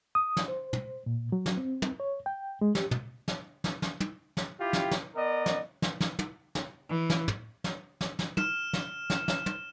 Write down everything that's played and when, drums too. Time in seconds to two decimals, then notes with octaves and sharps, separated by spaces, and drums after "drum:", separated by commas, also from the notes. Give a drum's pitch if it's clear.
0.15 D#6
0.37 drum: snare
0.48 C5
0.73 drum: tom
1.06 A#2
1.32 F#3
1.46 drum: snare
1.57 C4
1.82 drum: tom
2.00 C#5
2.26 G5
2.61 G#3
2.75 G4, drum: snare
2.91 drum: tom
3.28 drum: snare
3.64 drum: snare
3.82 drum: snare
4.00 drum: tom
4.37 drum: snare
4.60 E4 F4 G4
4.73 drum: snare
4.91 drum: snare
5.16 B3 A#4 D5 D#5
5.46 drum: snare
5.82 drum: snare
6.01 drum: snare
6.19 drum: tom
6.55 drum: snare
6.87 E3
7.10 drum: snare
7.28 drum: tom
7.64 drum: snare
8.01 drum: snare
8.19 drum: snare
8.37 F6 E7, drum: tom
8.73 drum: snare
9.10 drum: snare
9.28 drum: snare
9.46 drum: tom